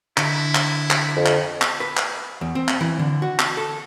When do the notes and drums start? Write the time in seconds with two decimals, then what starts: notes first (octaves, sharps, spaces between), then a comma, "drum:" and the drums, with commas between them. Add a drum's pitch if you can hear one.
0.17 D3 E4, drum: clap
0.55 drum: clap
0.90 drum: clap
1.17 F2
1.26 drum: clap
1.62 drum: clap
1.80 B4
1.97 drum: clap
2.41 E2
2.55 C4
2.68 drum: clap
2.81 E3
2.99 D3
3.22 F#4
3.39 drum: clap
3.57 A4